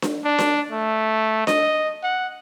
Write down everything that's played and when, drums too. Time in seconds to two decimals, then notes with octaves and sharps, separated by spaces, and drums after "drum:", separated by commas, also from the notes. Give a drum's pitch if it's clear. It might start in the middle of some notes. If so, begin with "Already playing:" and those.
0.02 drum: snare D4
0.25 D4
0.38 drum: snare D4
0.71 A3
1.47 D#5, drum: snare D4
2.03 F#5